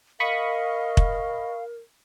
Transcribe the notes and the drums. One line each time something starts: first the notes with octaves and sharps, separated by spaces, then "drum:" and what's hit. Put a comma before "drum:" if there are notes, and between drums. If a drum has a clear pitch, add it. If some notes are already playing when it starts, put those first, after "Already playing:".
A#4 D#5 F5 B5 C#6 D#6
drum: kick